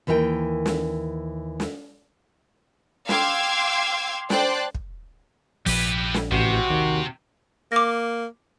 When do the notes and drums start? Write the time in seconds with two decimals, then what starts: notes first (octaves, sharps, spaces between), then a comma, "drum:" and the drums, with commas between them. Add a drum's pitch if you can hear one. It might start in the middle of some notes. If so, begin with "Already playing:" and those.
0.07 D#2 E3 A#4 E5 G5
0.66 drum: snare
1.60 drum: snare
3.09 F5 G5 C6 D6 E6 G#6, drum: snare
4.30 C5 D5 G5 A5 C6 F#6, drum: snare
4.75 drum: kick
5.66 A#1 F3 G4 B4, drum: open hi-hat
6.14 drum: snare
6.32 A1 C3 F#4
6.70 D#2
7.72 A#3 D6 A#6